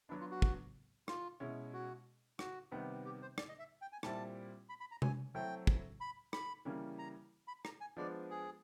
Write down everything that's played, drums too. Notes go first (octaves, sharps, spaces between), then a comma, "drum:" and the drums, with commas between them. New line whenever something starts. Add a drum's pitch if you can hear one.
F#3 B3 D4 E4
F4
F#4
drum: kick
F4, drum: rim click
B2 G#3 C#4 E4
F#4
F#4, drum: rim click
C3 D#3 G3 B3
G4
C5
D5, drum: rim click
D#5
E5
G5
G#5
A#2 G3 C4 E4 A5, drum: rim click
B5
B5
A#5
G#5, drum: tom C3
F#3 A3 C4 E4 G5
drum: kick
B5
B5, drum: rim click
C#3 E3 G3 A#3 C#4
A#5
B5
A#5, drum: rim click
G#5
F3 G#3 B3 D4 D5
G#4